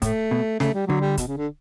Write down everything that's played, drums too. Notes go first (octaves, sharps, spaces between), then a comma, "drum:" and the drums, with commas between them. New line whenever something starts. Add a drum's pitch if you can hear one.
A2 A3, drum: kick, hi-hat
B2
C#3 A3, drum: snare
G3
D3 F#3
G3
B2, drum: kick, hi-hat
C#3
D3